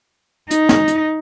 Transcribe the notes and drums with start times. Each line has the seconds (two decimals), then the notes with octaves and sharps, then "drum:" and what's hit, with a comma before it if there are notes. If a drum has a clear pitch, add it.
0.51 D#4, drum: hi-hat
0.69 drum: snare
0.88 drum: hi-hat